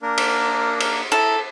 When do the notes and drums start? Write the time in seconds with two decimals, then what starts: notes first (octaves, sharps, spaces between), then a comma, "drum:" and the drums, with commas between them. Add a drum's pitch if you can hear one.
0.02 A#3 D4 A#4
0.18 drum: cymbal
0.80 drum: cymbal
1.12 E4 A4 A5 A#5